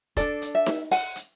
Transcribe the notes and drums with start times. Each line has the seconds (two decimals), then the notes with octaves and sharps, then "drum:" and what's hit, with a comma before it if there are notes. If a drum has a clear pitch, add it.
0.17 D4 A4 D5, drum: kick F1, hi-hat
0.42 drum: hi-hat
0.55 E5
0.66 drum: snare D#4
0.91 F#5, drum: open hi-hat
1.16 drum: hi-hat